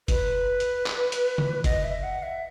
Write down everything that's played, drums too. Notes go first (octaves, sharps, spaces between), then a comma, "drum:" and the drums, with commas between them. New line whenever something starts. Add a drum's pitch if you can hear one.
B4, drum: kick, hi-hat
drum: hi-hat
drum: clap
drum: hi-hat
drum: tom C#3
D#5, drum: kick, hi-hat
E5
F#5
E5